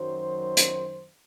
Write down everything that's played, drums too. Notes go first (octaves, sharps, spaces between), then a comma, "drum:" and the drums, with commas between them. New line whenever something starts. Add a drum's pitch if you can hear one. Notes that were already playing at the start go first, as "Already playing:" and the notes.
Already playing: F#2 D#3 F#3 C5
drum: hi-hat